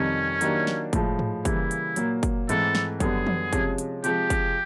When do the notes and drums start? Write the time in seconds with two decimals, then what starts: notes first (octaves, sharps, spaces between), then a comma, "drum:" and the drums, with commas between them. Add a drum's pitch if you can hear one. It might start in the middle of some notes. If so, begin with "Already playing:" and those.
Already playing: F2 C3 D#3 G3 C#4
0.41 D#3 F#3 A#3 D4 G4, drum: hi-hat
0.67 drum: snare
0.93 A2 F3 G#3, drum: kick, hi-hat
1.19 drum: tom G#2
1.45 C#3 E3 G3 A#3 E4, drum: kick, hi-hat
1.71 drum: hi-hat
1.96 A#2 F#3 A#3, drum: hi-hat
2.23 drum: kick, hi-hat
2.49 G#2 E3 A3 C4 E4 A4, drum: hi-hat
2.75 drum: snare
3.00 F#2 D3 G3 B3 G#4, drum: kick, hi-hat
3.27 drum: tom E3
3.53 C3 F3 G#3 C#4, drum: kick, hi-hat
3.78 drum: hi-hat
4.04 C3 F3 G#3 G4, drum: hi-hat
4.30 drum: kick, hi-hat